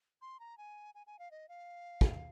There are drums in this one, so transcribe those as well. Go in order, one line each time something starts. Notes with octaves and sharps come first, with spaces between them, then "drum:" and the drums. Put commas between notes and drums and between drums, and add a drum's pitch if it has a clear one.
C6
A#5
G#5
G#5
G#5
F5
D#5
F5
drum: kick